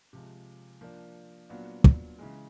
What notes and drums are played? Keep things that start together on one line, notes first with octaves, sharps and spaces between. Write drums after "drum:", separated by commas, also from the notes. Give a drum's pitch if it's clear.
C3 F3 G#3
F3 A#3 D4
A#2 F#3 B3 D4 F4
drum: kick
C#3 E3 G#3